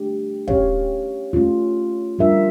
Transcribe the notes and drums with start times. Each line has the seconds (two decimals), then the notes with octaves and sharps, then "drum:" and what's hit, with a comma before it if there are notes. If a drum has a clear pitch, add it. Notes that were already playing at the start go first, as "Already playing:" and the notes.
Already playing: A3 D4 G4
0.48 C#4 G4 C#5 F5, drum: kick
1.33 A3 C#4 F4
2.19 G3 D4 F4 A#4 E5